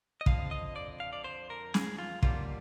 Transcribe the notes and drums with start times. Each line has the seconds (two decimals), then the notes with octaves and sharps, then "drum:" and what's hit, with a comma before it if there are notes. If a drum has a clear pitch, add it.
0.21 D#5
0.26 F2 D3 F3 F5, drum: kick
0.51 D#5
0.76 D5
1.00 F5
1.13 D5
1.24 C5
1.50 A#4
1.74 G#4, drum: snare
1.98 F4
2.23 D#2 D3 G3 A#3 F4, drum: kick